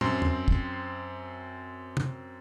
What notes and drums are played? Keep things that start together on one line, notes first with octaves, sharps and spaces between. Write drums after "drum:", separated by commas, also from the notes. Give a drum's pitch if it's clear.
F#2 C4 C6, drum: tom
drum: tom
drum: kick
drum: tom